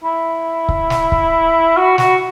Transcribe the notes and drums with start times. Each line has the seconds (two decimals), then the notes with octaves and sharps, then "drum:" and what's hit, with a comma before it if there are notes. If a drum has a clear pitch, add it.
0.04 E4
0.69 drum: kick C#1
0.90 drum: snare
1.12 drum: kick C#1
1.77 F#4
1.98 F#4, drum: snare